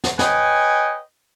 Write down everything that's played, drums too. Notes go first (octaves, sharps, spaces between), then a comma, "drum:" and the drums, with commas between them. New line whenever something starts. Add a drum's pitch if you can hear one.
drum: snare
B4 C#5 D#5 G5 G#5, drum: snare